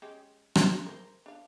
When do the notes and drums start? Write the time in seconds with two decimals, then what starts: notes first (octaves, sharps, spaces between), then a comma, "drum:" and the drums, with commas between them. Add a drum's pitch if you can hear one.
0.02 G#3 C#4 G4
0.55 drum: rim click
0.86 A#4 C5
1.26 D4 F5